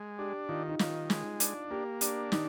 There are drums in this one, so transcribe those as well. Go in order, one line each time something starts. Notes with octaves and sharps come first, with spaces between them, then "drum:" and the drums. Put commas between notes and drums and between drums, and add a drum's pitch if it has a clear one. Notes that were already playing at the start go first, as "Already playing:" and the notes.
Already playing: G#3
D4 G4
D#3 F4
D#4
D#3 F4, drum: snare
G#3, drum: snare
D4, drum: hi-hat
A#3 G4
D4 G4, drum: hi-hat
D#3 D#4, drum: snare